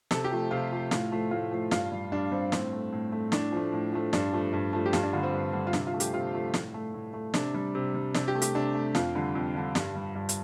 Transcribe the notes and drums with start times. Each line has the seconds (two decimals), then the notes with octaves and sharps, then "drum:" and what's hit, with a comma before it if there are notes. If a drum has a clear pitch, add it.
0.11 C3 A4, drum: snare
0.24 G4
0.31 F3 A3
0.51 C3 F4
0.72 F3 A3
0.91 A2 F4, drum: snare
1.11 F3 A3
1.31 A2 F4
1.52 F3 A3
1.71 G2 F4, drum: snare
1.92 G3
2.12 G2 D4
2.32 G3 C4
2.52 A2 C4, drum: snare
2.73 A3
2.92 A2
3.12 A3
3.32 A2 D4, drum: snare
3.52 F3 A3
3.73 A2
3.93 F3 A3
4.13 G2 D4, drum: snare
4.33 F3 A3
4.53 G2
4.73 F3 A3
4.86 G4
4.93 G2 F4, drum: snare
5.03 D4
5.13 D3 G3 F4
5.23 C4
5.33 G2
5.53 D3 G3
5.67 F4
5.73 C3 D4, drum: snare
5.87 F4
5.93 F3 A3
6.00 G4, drum: hi-hat
6.14 C3 F4
6.34 F3 A3
6.54 A2, drum: snare
6.74 A3
6.94 A2
7.14 A3
7.34 C3 D4, drum: snare
7.54 G3
7.75 C3
7.95 G3
8.15 C3 D4, drum: snare
8.28 G4
8.35 A3
8.42 G4, drum: hi-hat
8.55 C3 D4
8.75 A3
8.95 F2 F4, drum: snare
9.15 D3 G3
9.35 F2
9.55 D3 G3
9.75 G2, drum: snare
9.95 G3
10.15 G2
10.29 drum: hi-hat